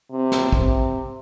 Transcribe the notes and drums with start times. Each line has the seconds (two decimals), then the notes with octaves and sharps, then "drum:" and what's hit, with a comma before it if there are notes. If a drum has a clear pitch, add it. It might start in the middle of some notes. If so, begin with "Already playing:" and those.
0.11 C3
0.32 drum: snare
0.53 C3, drum: kick